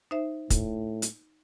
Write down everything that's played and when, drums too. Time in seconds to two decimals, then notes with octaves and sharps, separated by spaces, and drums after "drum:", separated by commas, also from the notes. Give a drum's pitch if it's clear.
0.11 D#4 C5 E5
0.50 A2, drum: kick, hi-hat
1.02 drum: hi-hat